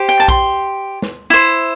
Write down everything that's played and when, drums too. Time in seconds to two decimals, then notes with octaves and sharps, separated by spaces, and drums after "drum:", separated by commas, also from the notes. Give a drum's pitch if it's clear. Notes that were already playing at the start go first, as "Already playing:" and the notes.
Already playing: G4 C5
0.09 G5
0.20 A5
0.28 C6, drum: kick B1
1.02 drum: snare
1.30 E4 C5